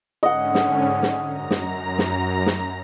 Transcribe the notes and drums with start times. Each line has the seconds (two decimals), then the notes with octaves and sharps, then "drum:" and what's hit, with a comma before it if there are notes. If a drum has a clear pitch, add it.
0.23 G#2 D3 C#4 D#5 F#5
0.55 drum: snare
1.03 drum: snare
1.27 F#2 A#5 A#6
1.51 drum: snare
1.98 drum: snare
2.46 drum: snare